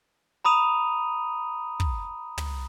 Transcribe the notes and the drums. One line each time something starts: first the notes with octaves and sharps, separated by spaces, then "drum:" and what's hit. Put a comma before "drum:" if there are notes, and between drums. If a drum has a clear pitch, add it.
A#5 B5 D#6 D#7 F7
drum: kick
drum: tom